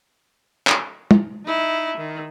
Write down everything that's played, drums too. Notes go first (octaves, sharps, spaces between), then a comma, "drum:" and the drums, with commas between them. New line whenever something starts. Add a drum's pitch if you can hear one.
drum: clap
drum: tom
D#4 E4
D#3